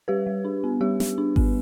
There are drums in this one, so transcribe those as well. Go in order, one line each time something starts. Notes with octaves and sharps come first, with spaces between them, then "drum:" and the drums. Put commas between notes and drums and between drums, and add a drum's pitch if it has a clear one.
G3 G4 B4
G3
D4
B3
G3 G4
G3, drum: snare
D4
B3, drum: kick G#1